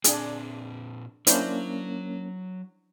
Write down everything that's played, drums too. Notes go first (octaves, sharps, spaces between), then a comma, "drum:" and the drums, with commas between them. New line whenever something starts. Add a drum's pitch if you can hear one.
A#2 C4 D4 G#4, drum: hi-hat
F#3 A#3 C#4 D4 E4 C5, drum: hi-hat